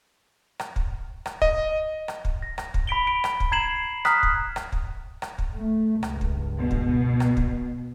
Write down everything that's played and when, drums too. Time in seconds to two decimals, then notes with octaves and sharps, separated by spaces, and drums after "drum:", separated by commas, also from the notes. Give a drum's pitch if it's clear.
0.59 drum: rim click
0.76 drum: kick
1.26 drum: rim click
1.42 D#5, drum: kick
2.08 drum: rim click
2.25 drum: kick
2.42 A#6
2.58 drum: rim click
2.74 drum: kick
2.87 B5 B6 D7 G7
3.07 D7
3.24 drum: rim click
3.40 drum: kick
3.52 A#5 G#6 C7 E7 F#7
4.05 A#5 D#6 F6 F#6 B6, drum: rim click
4.23 drum: kick
4.56 drum: rim click
4.72 drum: kick
5.22 drum: rim click
5.39 drum: kick
5.55 A3
6.03 C#2 G2, drum: rim click
6.21 drum: kick
6.59 B2
6.71 drum: kick
7.20 drum: rim click
7.37 drum: kick